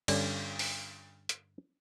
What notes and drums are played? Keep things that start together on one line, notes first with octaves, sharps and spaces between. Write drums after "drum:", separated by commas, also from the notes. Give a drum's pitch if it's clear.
G2 D3 C#4 D5, drum: cymbal
drum: open hi-hat
drum: hi-hat